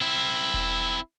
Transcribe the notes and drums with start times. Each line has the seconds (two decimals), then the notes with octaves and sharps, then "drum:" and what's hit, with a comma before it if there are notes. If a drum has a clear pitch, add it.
0.01 C4 E4
0.54 drum: kick E1